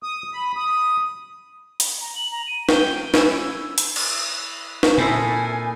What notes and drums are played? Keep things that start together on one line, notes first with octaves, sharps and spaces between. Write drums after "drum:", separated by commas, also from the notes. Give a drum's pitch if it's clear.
D#6
B5
D#6
drum: hi-hat
A#5
F#7
A#5
D#7
G5, drum: snare
C#4 E4, drum: snare
drum: hi-hat
drum: cymbal
drum: snare
A#2 C4 D#4 E4 A4 G#5 B5